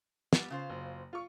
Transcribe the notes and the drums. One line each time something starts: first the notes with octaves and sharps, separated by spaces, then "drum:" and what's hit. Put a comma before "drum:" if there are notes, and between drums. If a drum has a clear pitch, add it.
G3 B3, drum: snare
C#3 F4 C5
F#1
F4 C#6